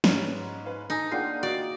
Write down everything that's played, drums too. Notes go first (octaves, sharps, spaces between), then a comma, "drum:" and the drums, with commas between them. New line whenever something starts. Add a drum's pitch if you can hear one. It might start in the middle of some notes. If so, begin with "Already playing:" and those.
G#2 C#4 B4 D5, drum: snare
B4 F5
D#4 A4 G#5
A#3 D4 F4 G#4 A#4 F#5 G5 C7
F#4 D5 D#5